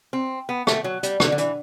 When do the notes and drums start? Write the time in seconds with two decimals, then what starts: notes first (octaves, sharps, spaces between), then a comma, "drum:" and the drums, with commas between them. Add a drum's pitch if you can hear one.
0.13 C4
0.49 B3
0.67 A3, drum: rim click
0.84 F#3
1.03 G3, drum: hi-hat
1.20 D3, drum: rim click
1.32 D3
1.38 E3, drum: hi-hat